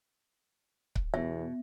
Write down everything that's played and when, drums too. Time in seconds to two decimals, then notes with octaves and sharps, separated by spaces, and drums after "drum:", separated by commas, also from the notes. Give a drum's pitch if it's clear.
0.96 drum: kick C#1
1.14 E2 B2 E5